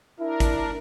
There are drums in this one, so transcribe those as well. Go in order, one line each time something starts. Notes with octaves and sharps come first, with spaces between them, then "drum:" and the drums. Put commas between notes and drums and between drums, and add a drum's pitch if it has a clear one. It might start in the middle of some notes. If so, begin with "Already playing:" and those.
D4 E4 A#4
drum: kick, hi-hat